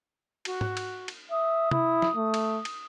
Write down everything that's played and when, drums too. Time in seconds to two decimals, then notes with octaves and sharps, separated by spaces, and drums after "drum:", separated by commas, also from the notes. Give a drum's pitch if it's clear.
0.45 F#4, drum: cymbal
0.61 drum: tom G#2
0.77 drum: cymbal
1.08 drum: cymbal
1.31 E5 D#6
1.71 E4, drum: tom
2.02 drum: snare
2.16 A3
2.34 drum: cymbal
2.65 drum: cymbal